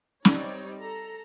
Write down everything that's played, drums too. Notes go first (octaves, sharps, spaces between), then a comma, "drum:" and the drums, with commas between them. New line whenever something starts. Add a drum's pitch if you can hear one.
G3 C4 D#4 C#5 D5, drum: snare
A4 A#5